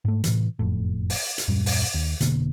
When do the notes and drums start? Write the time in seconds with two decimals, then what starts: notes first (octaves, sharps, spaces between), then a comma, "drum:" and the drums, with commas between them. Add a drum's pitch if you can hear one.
0.05 G#2 A3
0.24 A2 C3 E3, drum: hi-hat
0.59 F#1 F2 A2
1.10 drum: open hi-hat
1.38 drum: hi-hat
1.48 D#1 F#2 A#2 G3
1.66 drum: open hi-hat
1.94 D#2
2.21 F1 B2 D3 A#3, drum: hi-hat